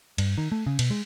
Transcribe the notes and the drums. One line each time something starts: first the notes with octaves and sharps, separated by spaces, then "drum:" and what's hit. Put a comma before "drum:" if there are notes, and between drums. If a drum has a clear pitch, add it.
G2, drum: cymbal
D#3
A3
C#3
B2, drum: cymbal
G#3